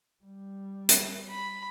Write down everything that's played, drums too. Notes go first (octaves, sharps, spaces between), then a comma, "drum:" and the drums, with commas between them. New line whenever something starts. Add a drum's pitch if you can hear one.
G3
drum: hi-hat
B5